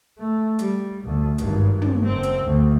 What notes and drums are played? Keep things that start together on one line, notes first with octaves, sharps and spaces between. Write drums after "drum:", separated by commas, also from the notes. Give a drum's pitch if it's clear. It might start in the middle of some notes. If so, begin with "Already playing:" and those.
A3
G3, drum: hi-hat
D2
G#1 G2, drum: hi-hat
drum: tom
F#1 C4
drum: hi-hat
D2